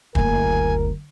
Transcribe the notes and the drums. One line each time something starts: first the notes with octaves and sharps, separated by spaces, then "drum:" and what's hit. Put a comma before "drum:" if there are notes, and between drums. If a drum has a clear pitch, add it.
F#1 D2 A#4 G#5, drum: kick